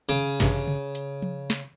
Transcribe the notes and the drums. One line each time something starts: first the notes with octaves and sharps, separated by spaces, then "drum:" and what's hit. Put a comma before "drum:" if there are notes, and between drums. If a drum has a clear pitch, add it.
C#3
A1 G2 C3, drum: snare
drum: tom C#3
drum: hi-hat
drum: tom F3
drum: snare